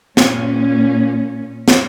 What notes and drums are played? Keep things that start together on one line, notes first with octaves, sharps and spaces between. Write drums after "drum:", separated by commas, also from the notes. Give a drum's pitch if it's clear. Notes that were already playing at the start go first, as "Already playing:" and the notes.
A#2 C#4, drum: snare
drum: snare